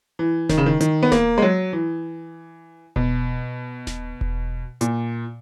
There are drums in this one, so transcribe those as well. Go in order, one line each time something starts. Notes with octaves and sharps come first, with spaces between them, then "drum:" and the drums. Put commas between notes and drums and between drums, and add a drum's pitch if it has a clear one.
E3
D#3, drum: snare D#1
C#3
D#3
D#3, drum: hi-hat
B3
A#3, drum: snare D#1
G#3
F#3
E3
B2, drum: kick E1
drum: snare D#1
drum: kick E1
A#2, drum: hi-hat